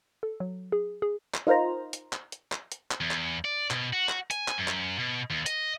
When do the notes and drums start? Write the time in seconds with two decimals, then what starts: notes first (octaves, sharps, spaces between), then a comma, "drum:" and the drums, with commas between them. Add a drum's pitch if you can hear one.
0.23 A4
0.40 F#3
0.72 G#4
1.02 G#4
1.34 drum: clap
1.47 D#4 F4 A#4 C5 A#5
1.93 drum: hi-hat
2.13 drum: clap
2.32 drum: hi-hat
2.52 drum: clap
2.72 drum: hi-hat
2.91 drum: clap
3.01 E2
3.11 drum: clap
3.45 D5
3.71 B2, drum: clap
3.93 F#4
4.09 drum: clap
4.31 G#5, drum: hi-hat
4.48 drum: clap
4.58 F#2
4.68 drum: clap
4.99 B2
5.30 D#2
5.46 D#5, drum: hi-hat